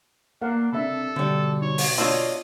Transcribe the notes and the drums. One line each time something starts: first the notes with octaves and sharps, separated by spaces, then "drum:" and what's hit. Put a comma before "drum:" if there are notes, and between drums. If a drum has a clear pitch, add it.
A#3 D4 A#4 F5 F#5
C3 D4 A4 E5 B5
B2 D3 G3
D#4 C#5
drum: open hi-hat
D4 F4 C#5 D#5 G5 C6 E6